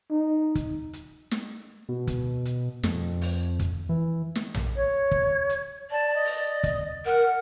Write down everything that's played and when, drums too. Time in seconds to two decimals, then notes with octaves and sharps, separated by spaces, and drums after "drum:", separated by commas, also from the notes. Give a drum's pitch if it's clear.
0.10 D#4
0.55 drum: kick, hi-hat
0.93 drum: hi-hat
1.31 drum: snare
1.89 B2
2.07 drum: kick, hi-hat
2.45 drum: hi-hat
2.83 F2, drum: snare
3.21 drum: open hi-hat
3.59 drum: kick, hi-hat
3.89 E3
4.35 drum: snare
4.54 drum: tom A#1
4.76 C#5
5.11 drum: kick
5.49 drum: hi-hat
5.91 D5 A5
6.14 D#5
6.25 drum: open hi-hat
6.63 drum: kick, hi-hat
7.06 A#4 F#5